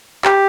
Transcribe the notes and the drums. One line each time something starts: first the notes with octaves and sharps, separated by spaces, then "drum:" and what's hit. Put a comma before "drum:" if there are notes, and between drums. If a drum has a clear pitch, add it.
G4, drum: clap